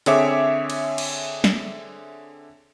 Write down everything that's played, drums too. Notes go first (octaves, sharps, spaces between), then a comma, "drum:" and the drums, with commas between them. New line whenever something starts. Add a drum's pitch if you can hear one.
D3 C4 G#4 C#5 E5 D6, drum: hi-hat
drum: cymbal
drum: cymbal
drum: snare